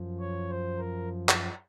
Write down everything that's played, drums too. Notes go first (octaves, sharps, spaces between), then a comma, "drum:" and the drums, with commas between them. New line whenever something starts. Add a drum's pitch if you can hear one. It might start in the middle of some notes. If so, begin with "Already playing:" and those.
Already playing: F#2 F3
C#5
C5
A#4
drum: clap